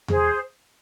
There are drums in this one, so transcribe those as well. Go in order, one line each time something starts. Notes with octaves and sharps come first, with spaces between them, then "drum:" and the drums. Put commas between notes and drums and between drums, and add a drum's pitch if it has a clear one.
G#4 C5, drum: tom E2